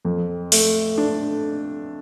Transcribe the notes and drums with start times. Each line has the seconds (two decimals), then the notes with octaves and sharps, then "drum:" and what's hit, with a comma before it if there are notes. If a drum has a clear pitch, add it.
0.05 F2
0.52 A3, drum: open hi-hat
0.98 D4